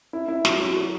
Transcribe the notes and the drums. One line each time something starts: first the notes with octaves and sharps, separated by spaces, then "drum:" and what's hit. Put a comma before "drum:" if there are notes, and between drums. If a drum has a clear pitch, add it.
E4
E4
F#3, drum: snare
F#3
F#4